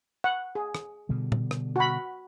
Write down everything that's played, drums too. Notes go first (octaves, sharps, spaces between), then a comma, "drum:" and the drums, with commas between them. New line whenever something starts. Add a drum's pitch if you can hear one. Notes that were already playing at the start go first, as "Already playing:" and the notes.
F#5
G#4
drum: rim click
B2 D3 G3
drum: tom
drum: rim click
F#4 B5